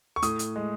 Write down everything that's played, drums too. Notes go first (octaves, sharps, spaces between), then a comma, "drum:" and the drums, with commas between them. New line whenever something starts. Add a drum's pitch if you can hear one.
C#6
A2 D#6, drum: hi-hat
drum: hi-hat
G#3